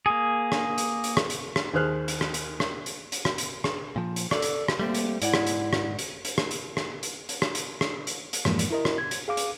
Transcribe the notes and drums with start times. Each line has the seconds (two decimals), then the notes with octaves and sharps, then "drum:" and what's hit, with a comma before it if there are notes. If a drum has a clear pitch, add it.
0.06 A#3 G#4
0.52 drum: rim click
0.78 drum: hi-hat
1.04 drum: hi-hat
1.17 drum: rim click
1.30 drum: hi-hat
1.56 drum: rim click
1.73 D#2 G#4 C5 F6 F#6
2.08 drum: hi-hat
2.21 drum: rim click
2.34 drum: hi-hat
2.60 drum: rim click
2.86 drum: hi-hat
3.12 drum: hi-hat
3.25 drum: rim click
3.38 drum: hi-hat
3.64 drum: rim click
3.96 A#2 F3
4.16 drum: hi-hat
4.31 A4 D5, drum: rim click
4.42 drum: hi-hat
4.68 drum: rim click
4.80 G3 A3 A#3 C4
4.94 drum: hi-hat
5.22 G#2 E4 D5 F#5, drum: hi-hat
5.34 drum: rim click
5.47 drum: hi-hat
5.73 drum: rim click
5.99 drum: hi-hat
6.25 drum: hi-hat
6.38 drum: rim click
6.51 drum: hi-hat
6.77 drum: rim click
7.03 drum: hi-hat
7.29 drum: hi-hat
7.42 drum: rim click
7.55 drum: hi-hat
7.81 drum: rim click
8.07 drum: hi-hat
8.33 drum: hi-hat
8.45 F2 G#2 E3 F3 G#3 A#3, drum: rim click
8.59 drum: hi-hat
8.71 E4 A#4 D#5
8.85 drum: rim click
8.98 G#6
9.11 drum: hi-hat
9.28 G#4 F5 D6
9.37 drum: hi-hat